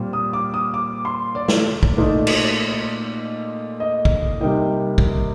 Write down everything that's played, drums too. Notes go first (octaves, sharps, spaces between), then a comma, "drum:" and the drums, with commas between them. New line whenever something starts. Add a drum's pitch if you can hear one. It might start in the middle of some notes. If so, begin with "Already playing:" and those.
Already playing: A#2 G3 C4 F4
D#6
D6
D#6
D6
C6
D5
drum: snare
drum: kick
A#2 A3 D#4
drum: cymbal
D#5
drum: kick
C3 G3 A#3 D#4 G5
drum: kick